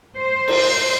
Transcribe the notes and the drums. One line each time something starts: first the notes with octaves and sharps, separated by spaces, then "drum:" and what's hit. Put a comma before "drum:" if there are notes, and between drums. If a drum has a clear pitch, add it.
C5
drum: cymbal